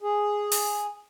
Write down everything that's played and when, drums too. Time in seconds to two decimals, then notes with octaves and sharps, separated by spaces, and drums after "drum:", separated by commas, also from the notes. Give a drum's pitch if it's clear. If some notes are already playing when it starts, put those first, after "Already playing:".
0.02 G#4
0.52 drum: open hi-hat